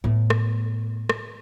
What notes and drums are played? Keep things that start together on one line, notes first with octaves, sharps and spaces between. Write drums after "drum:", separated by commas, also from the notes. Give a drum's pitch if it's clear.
A2 B3
drum: rim click
drum: rim click